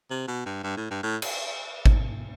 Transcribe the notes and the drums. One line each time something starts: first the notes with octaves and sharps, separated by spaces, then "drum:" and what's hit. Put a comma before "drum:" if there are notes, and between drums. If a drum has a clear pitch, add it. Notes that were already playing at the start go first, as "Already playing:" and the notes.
C3
B2
G2
G2
A2
G2
A2
drum: cymbal
drum: kick G#1